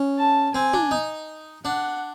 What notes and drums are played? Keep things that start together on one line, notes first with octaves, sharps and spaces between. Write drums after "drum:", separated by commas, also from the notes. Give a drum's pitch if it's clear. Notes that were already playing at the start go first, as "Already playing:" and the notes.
Already playing: C#4
A5
C4 G#5
D4, drum: tom
D#4
D4 F#5